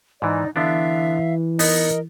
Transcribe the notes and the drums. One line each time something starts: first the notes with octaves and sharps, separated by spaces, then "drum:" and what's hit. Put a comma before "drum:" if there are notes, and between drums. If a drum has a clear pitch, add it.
G#2 E3 D#4 D5
D3 E3 B3 D4 E5 F5
B3 D#4 A#4 D#5, drum: open hi-hat